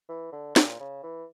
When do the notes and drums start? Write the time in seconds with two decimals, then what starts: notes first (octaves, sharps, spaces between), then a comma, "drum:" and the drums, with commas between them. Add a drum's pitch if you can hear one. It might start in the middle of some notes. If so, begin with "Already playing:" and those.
0.09 E3
0.32 D3
0.56 A#2, drum: snare
0.80 C#3
1.03 E3